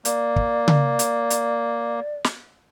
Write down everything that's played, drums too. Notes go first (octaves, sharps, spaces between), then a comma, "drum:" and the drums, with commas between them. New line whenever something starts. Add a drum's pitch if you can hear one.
A#3 D5, drum: hi-hat
drum: kick
drum: tom C#3
drum: hi-hat
drum: hi-hat
drum: snare